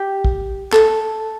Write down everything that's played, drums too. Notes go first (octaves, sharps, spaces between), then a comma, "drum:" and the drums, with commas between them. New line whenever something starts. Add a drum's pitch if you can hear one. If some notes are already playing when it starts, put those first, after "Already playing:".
Already playing: G4
drum: kick
A4, drum: clap